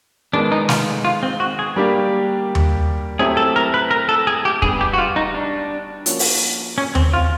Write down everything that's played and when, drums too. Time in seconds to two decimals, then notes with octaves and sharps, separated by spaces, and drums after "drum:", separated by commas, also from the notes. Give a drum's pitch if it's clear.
0.33 D#3 G#3 B3 D4
0.52 D#4
0.69 F4, drum: snare
1.05 F4
1.23 C4
1.40 F#4
1.59 G#4
1.76 G3 A#3 D4 G4
2.55 drum: tom D#2
3.19 F#3 A3 C4 E4 G4 G#4
3.37 A4
3.56 A#4
3.74 B4
3.91 A#4
4.09 A4
4.27 G#4
4.45 G4
4.62 G3 B3 D4 G#4, drum: kick
4.81 G4
4.93 F#4
4.98 F4
5.16 D#4
5.34 D4
6.06 F3 A#3 C#4 F#4, drum: hi-hat
6.19 drum: open hi-hat
6.78 C#4
6.95 C4, drum: tom D#2
7.13 F4